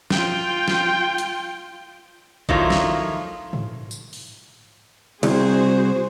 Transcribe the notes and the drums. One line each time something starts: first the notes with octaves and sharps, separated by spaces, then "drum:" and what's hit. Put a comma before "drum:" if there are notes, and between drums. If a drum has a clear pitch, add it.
F4 G5, drum: snare
drum: snare
drum: hi-hat
D#3 F3 F#3 A3 E4 F4, drum: kick
drum: snare
drum: tom G#2
drum: tambourine
drum: open hi-hat
C2 F#4 G#4 C5, drum: cymbal